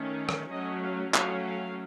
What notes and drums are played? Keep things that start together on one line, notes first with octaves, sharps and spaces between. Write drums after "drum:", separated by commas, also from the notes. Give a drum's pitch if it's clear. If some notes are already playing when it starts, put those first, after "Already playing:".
Already playing: D#3 A3 C#4
drum: rim click
F#3 A3 C#4 D#5
F5
F#3 A3 C#4 F5, drum: clap
F5